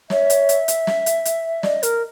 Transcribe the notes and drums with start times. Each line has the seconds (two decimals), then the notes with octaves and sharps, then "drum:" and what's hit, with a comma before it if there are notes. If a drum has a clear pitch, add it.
0.10 C#5 E5, drum: snare
0.30 drum: hi-hat
0.49 drum: hi-hat
0.68 drum: hi-hat
0.87 drum: snare
1.06 drum: hi-hat
1.25 drum: hi-hat
1.63 D5 D#5, drum: snare
1.83 A#4, drum: hi-hat